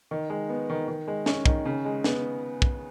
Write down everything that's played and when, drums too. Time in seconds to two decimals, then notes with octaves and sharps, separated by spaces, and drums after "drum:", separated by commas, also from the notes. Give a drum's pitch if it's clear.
0.11 D#3
0.30 G#3
0.49 B3
0.70 D#3
0.88 D#3
1.08 G#3
1.26 C#4, drum: snare
1.46 D#3, drum: kick
1.65 C#3
1.85 G#3
2.04 B3, drum: snare
2.62 drum: kick